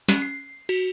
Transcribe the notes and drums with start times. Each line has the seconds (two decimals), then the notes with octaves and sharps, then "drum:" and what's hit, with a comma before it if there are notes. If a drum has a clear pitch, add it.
0.08 C#4, drum: snare
0.22 C7
0.69 F#4, drum: cymbal